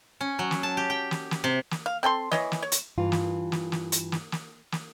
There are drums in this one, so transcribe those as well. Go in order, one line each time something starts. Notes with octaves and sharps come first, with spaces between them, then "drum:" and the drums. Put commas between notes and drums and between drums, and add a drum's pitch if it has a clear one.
C#4
F#3
drum: snare
A5
G4
G5
drum: snare
drum: snare
C3
drum: snare
F5
C4 A4 G5 C6
E3 C#5 D#5, drum: snare
drum: snare
C#5
drum: hi-hat
G2 E3 F4
drum: snare
drum: snare
drum: snare
drum: hi-hat
drum: snare
drum: snare
drum: snare